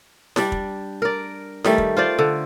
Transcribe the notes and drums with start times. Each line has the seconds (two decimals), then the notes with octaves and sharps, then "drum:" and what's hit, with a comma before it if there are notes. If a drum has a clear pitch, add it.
0.36 G3 D4, drum: snare
0.52 drum: kick
1.02 A#4 D5
1.64 D#3 G3 A3, drum: snare
1.78 drum: kick
1.97 F4 C5 D5
2.19 D3